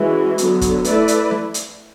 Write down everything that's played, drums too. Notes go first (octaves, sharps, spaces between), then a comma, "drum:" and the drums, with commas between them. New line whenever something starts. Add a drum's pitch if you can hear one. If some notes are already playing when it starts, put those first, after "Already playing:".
Already playing: E3 G#3 C#4 F#4
D3 F#3 B3, drum: hi-hat
drum: kick, hi-hat
A3 E4 B4 D5, drum: hi-hat
drum: hi-hat
drum: snare
drum: hi-hat